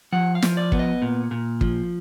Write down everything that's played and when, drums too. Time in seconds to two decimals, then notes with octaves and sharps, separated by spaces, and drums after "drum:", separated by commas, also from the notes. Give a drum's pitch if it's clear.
0.12 F3 F#5
0.35 F5
0.42 F3, drum: snare
0.57 D5
0.72 B3, drum: kick
0.79 D#5
1.02 A#2
1.31 A#2
1.61 F3, drum: kick